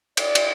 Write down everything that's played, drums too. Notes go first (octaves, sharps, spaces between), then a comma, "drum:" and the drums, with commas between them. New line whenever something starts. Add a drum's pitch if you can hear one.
D5, drum: cymbal
drum: cymbal